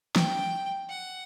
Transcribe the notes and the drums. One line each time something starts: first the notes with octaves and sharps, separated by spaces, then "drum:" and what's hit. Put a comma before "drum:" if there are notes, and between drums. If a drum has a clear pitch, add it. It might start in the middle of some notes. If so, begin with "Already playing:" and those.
G5, drum: snare
F#5